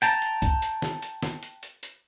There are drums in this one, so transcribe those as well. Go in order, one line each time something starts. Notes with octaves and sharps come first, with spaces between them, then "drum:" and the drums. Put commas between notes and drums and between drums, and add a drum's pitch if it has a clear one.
G5 A5 A#5, drum: hi-hat
drum: hi-hat
drum: kick, hi-hat
drum: hi-hat
drum: snare
drum: hi-hat
drum: snare
drum: hi-hat
drum: hi-hat
drum: hi-hat